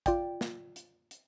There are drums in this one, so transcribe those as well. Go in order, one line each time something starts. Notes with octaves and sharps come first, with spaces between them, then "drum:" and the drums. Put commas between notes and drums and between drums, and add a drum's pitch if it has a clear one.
F4 D5 G5, drum: kick, hi-hat
drum: snare
drum: hi-hat
drum: hi-hat